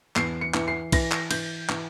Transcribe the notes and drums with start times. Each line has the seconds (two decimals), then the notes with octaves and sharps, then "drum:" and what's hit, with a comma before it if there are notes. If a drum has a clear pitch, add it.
0.16 E2 C7, drum: clap
0.41 C#7
0.54 E3, drum: clap
0.68 C7
0.92 E3 A#6, drum: kick B1, cymbal
1.12 drum: clap
1.31 E3 G6, drum: cymbal
1.69 E3, drum: clap